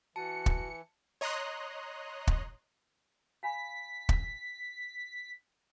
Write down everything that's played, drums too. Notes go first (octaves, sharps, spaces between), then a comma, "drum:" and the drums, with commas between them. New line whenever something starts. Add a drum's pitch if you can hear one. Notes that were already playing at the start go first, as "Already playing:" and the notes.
E3 F#4 A5 C#7
drum: kick
C#5 D#5 A#5 C6 D#6 F#6
drum: kick
F5 G#5 B5 B6
drum: kick